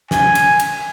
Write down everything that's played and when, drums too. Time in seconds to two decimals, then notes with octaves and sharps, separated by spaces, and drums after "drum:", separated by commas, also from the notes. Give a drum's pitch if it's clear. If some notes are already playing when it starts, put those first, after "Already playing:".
0.11 G#5, drum: snare
0.35 drum: cymbal
0.60 drum: cymbal